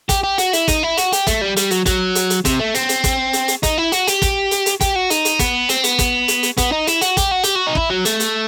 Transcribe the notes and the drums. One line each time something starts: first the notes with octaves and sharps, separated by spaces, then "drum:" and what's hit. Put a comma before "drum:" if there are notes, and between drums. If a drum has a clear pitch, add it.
G4, drum: kick, hi-hat
G4
F#4, drum: hi-hat
E4, drum: hi-hat
D#4, drum: kick, hi-hat
E4
F#4, drum: hi-hat
G4, drum: hi-hat
A3, drum: kick, hi-hat
G3
G3, drum: hi-hat
F#3, drum: hi-hat
F#3, drum: kick, hi-hat
drum: hi-hat
drum: hi-hat
C3, drum: kick, hi-hat
A3
C4, drum: hi-hat
drum: hi-hat
drum: kick, hi-hat
drum: hi-hat
drum: hi-hat
D#4, drum: kick, hi-hat
E4
F#4, drum: hi-hat
G4, drum: hi-hat
drum: kick, hi-hat
drum: hi-hat
drum: hi-hat
G4, drum: kick, hi-hat
F#4
D#4, drum: hi-hat
drum: hi-hat
B3, drum: kick, hi-hat
C4, drum: hi-hat
B3, drum: hi-hat
drum: kick, hi-hat
drum: hi-hat
drum: hi-hat
B3, drum: kick, hi-hat
D#4
E4, drum: hi-hat
F#4, drum: hi-hat
G4, drum: kick, hi-hat
F#4
G4, drum: hi-hat
F#4
D#4
E4, drum: kick
F#3
A3, drum: hi-hat
drum: hi-hat